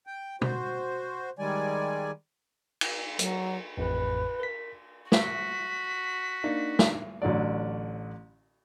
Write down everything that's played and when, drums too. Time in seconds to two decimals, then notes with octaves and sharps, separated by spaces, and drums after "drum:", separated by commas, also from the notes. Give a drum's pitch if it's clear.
0.07 G5
0.42 F#4 C5, drum: tom
1.39 D#3 G3 G#3 D5 G#5
2.81 drum: cymbal
3.19 F#3, drum: hi-hat
3.77 A1 F2 A2 B4
4.40 A#4 B6
5.12 F#4 B6, drum: snare
6.44 A#3 D4 D#4
6.79 drum: snare
7.22 A1 D3 F#3 D5